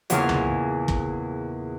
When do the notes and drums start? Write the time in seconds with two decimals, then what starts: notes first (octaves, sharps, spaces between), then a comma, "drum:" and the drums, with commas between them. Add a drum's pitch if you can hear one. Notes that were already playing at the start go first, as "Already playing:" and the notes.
0.10 E2 A#2 C#3 G#5 F6, drum: hi-hat
0.29 drum: tom C2
0.88 drum: kick